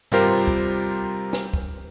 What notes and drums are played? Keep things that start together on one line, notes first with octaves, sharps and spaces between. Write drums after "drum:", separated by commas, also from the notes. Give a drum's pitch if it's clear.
C3 G3 F4 G4 A#4 C5, drum: tom G2
drum: kick
drum: snare
drum: kick